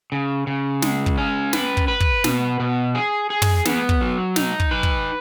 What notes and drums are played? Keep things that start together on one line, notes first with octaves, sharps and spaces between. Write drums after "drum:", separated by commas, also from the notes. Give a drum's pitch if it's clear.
C#3
C#3
G#3, drum: snare
drum: kick
C#4
B4, drum: snare
drum: kick
B4
drum: kick
B2, drum: snare
B2
G#4
G#4
drum: tom
B3, drum: snare
drum: kick
F#3
D#4, drum: snare
drum: kick
B4
drum: kick